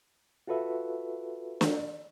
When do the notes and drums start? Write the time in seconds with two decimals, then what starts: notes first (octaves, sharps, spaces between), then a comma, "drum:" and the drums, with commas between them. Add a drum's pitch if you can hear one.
0.47 F4 F#4 A4 B4 E5
1.61 drum: snare